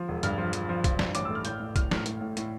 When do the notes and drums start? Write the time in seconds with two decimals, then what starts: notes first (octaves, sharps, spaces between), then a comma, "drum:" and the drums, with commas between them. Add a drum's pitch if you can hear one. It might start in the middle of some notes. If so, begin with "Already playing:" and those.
Already playing: F3
0.08 E1
0.23 G2 F6, drum: hi-hat
0.38 F3
0.53 F3, drum: hi-hat
0.69 F3
0.84 F3, drum: kick, hi-hat
0.99 G2, drum: snare
1.15 A1 D6, drum: hi-hat
1.25 E6
1.30 A3
1.35 F6
1.45 A2 G6, drum: hi-hat
1.60 A2
1.76 A2 F6, drum: kick, hi-hat
1.91 A2, drum: snare
2.06 A2, drum: hi-hat
2.21 A2
2.37 A2, drum: hi-hat